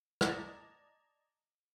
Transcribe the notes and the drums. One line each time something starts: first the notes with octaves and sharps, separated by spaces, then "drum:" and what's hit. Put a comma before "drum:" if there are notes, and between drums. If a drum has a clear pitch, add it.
D5 D#5 A5 A#5 G#6, drum: rim click